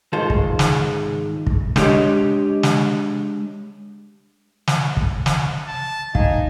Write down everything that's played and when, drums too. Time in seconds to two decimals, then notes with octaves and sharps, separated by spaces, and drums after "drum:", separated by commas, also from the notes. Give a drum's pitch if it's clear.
0.13 G#2 D#3 G#3 F4 A4 C5
0.30 drum: kick
0.59 drum: snare
1.47 drum: kick
1.76 G#3 A3 D4 G4 C#5 D#5, drum: snare
2.63 drum: snare
4.67 drum: snare
4.97 drum: kick
5.26 drum: snare
5.67 A5
6.15 D2 D#4 F5 G#5, drum: kick